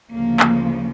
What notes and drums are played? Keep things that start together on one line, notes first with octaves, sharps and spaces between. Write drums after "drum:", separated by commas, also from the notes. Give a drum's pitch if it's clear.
D2 C#3 F3 A#3
drum: clap